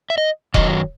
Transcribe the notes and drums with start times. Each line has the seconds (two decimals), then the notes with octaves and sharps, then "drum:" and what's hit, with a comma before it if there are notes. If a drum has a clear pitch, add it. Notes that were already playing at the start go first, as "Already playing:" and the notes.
0.10 E5
0.18 D#5
0.54 F#2 D#3 F#3 D#5, drum: kick E1